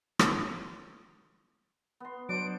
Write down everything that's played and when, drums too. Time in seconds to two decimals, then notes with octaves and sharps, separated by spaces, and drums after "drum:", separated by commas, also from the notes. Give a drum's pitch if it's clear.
0.19 drum: rim click
2.00 B3 C6
2.29 F#3 D4 C5 F#5 D7